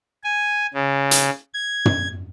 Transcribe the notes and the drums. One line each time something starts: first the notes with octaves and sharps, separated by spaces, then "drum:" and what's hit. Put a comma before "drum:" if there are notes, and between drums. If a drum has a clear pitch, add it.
G#5
C#3
drum: hi-hat
G#6
drum: tom